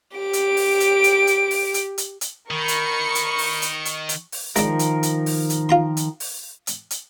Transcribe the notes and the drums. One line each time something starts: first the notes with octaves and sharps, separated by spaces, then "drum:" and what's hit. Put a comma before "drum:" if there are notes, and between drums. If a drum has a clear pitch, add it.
G4 D7
drum: hi-hat
drum: open hi-hat
drum: hi-hat
drum: hi-hat
drum: hi-hat
drum: open hi-hat
drum: hi-hat
drum: hi-hat
drum: hi-hat
D#3 A#4 B5 C#6 C#7
drum: hi-hat
drum: hi-hat
drum: open hi-hat
drum: hi-hat
drum: hi-hat
drum: hi-hat
drum: open hi-hat
D#3 F3 G#3 D4 A#4, drum: hi-hat
drum: hi-hat
drum: hi-hat
drum: open hi-hat
drum: hi-hat
F4 A#5 C6
drum: hi-hat
drum: open hi-hat
drum: hi-hat
drum: hi-hat